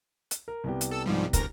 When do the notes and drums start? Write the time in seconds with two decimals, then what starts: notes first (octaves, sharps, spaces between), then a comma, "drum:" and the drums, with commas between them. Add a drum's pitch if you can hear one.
0.31 drum: hi-hat
0.48 A#4
0.64 C2 B3 G4
0.81 drum: hi-hat
0.91 A4 E6
1.06 G#2 F3 G3
1.33 D2 A#4 A#6, drum: kick, hi-hat